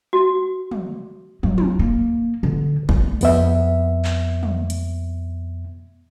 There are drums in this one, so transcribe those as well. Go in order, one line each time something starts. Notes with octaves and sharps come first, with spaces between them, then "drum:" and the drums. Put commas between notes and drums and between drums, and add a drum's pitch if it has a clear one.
F#4
drum: tom
F#3, drum: tom
drum: tom
A#3
D3
A3 D#4, drum: kick
F2 B3 E5, drum: open hi-hat
drum: clap
drum: tom
drum: hi-hat